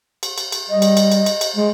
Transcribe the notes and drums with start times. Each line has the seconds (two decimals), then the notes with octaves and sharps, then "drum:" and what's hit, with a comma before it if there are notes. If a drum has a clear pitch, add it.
0.23 drum: cymbal
0.38 drum: cymbal
0.52 drum: cymbal
0.70 G3 D#5
0.82 drum: cymbal
0.97 drum: cymbal
1.12 drum: cymbal
1.26 drum: cymbal
1.41 drum: cymbal
1.56 G#3